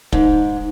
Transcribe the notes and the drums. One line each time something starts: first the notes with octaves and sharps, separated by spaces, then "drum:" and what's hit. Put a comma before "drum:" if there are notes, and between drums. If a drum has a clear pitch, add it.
G#2, drum: kick